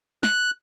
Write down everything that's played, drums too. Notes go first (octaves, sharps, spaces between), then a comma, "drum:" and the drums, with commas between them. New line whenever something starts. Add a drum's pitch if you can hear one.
F#6, drum: snare